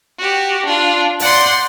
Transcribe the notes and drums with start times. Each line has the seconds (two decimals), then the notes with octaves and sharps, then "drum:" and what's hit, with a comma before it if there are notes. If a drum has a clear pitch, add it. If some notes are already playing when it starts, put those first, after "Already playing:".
0.17 F#4 G4
0.63 D4 F4
1.19 D5 F#5 C6 G6, drum: open hi-hat